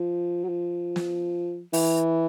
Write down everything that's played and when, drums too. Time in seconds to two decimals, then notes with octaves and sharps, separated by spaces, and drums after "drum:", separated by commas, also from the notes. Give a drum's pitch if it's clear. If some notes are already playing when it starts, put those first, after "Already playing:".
Already playing: F3
0.44 F#3
0.49 F3
0.96 drum: snare
1.73 E3, drum: open hi-hat